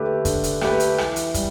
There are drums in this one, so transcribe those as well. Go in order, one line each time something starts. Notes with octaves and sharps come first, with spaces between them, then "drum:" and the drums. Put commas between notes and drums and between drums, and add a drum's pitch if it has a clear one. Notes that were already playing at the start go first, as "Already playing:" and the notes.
Already playing: D3 A3 G4 B4
D3, drum: kick, hi-hat
drum: hi-hat
A3 G4 B4, drum: rim click
drum: hi-hat
E3, drum: rim click
drum: hi-hat
G3, drum: kick, hi-hat